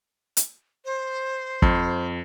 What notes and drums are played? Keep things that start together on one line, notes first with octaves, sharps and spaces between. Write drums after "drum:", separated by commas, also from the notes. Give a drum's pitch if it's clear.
drum: hi-hat
C5
F2, drum: kick